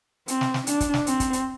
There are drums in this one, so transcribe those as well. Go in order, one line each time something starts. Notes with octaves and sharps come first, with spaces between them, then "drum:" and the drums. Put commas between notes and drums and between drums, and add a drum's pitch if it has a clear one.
C4, drum: hi-hat
drum: snare
drum: snare
D4, drum: hi-hat
drum: kick, hi-hat
drum: snare
C4, drum: hi-hat
drum: kick, hi-hat
drum: hi-hat